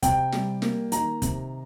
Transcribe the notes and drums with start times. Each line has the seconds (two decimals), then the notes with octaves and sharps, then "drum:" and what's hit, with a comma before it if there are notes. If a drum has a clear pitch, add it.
0.03 C3 G5, drum: kick, hi-hat
0.32 G3, drum: snare
0.62 A#3, drum: snare
0.92 D#3 A#5, drum: hi-hat
1.22 C3, drum: kick, hi-hat